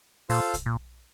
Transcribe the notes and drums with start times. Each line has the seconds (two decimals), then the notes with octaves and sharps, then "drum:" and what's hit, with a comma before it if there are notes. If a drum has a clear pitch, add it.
0.29 A#2 F4 A4 C5 F5, drum: open hi-hat
0.54 drum: kick, hi-hat
0.66 A#2